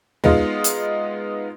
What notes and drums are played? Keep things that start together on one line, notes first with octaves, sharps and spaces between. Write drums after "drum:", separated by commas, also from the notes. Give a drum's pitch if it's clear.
G#3 B3 D#4 F4, drum: tom
drum: hi-hat